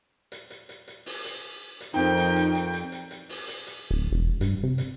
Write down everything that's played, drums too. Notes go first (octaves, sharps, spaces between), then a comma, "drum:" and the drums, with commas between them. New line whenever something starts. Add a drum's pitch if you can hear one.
drum: hi-hat
drum: hi-hat
drum: hi-hat
drum: hi-hat
drum: open hi-hat
drum: hi-hat
drum: hi-hat
F2 C4 D#4 A#4 G5
drum: hi-hat
drum: hi-hat
drum: hi-hat
drum: hi-hat
drum: hi-hat
drum: hi-hat
drum: open hi-hat
drum: hi-hat
drum: hi-hat
D1
E1
G2, drum: hi-hat
C3
drum: hi-hat